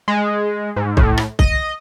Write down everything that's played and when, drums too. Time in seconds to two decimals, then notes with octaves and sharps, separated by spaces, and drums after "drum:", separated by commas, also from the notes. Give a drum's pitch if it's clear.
0.08 G#3
0.76 G#2
0.97 A2, drum: kick C2
1.18 drum: rim click
1.39 D#5, drum: kick C2